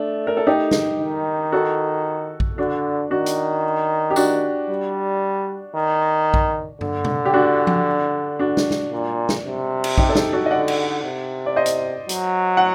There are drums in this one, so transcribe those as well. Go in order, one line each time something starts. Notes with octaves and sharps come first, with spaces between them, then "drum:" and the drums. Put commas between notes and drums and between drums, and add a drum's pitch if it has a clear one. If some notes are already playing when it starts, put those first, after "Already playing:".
Already playing: A3 D4
A#4
A4
D#4 G4
drum: snare
D#3
F#4 A4
drum: kick A#1
D3 D4 F#4
D#3 D4 F#4
drum: hi-hat
G4
D4 F#4, drum: tambourine
G3
D#3
drum: kick A#1
D3, drum: tom G2
drum: tom B2
G4
D4 F#4
drum: tom F3
D4 F#4
drum: snare
drum: snare
A#2
drum: snare
C3
drum: cymbal
D#4 G4, drum: kick A#1
A4
D#4 G4, drum: snare
F#4 A4
D#5
D3 D5 F#5
drum: cymbal
C3
D5
C5 D#5
drum: hi-hat
F#3, drum: hi-hat
F#5